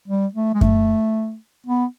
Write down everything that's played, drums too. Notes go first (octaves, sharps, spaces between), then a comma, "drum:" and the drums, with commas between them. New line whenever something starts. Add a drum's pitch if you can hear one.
G3
A3
G#3
A3, drum: kick F#2
B3